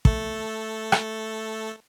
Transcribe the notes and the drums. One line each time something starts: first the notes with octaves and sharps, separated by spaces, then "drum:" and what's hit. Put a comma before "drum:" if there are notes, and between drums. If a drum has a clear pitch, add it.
A3 A4, drum: kick
drum: rim click